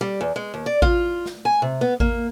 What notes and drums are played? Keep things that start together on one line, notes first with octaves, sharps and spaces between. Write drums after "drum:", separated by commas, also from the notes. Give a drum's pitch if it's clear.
G3
E2
G#3
D#2
D5
F4, drum: kick A1
drum: snare
G#5
C3
B3
A#3, drum: kick A1